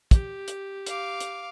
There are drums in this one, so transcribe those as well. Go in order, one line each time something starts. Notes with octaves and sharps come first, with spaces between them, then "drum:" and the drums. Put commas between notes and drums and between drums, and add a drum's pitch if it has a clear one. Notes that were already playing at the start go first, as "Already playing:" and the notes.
G4, drum: kick, hi-hat
drum: hi-hat
F5 D6, drum: hi-hat
drum: hi-hat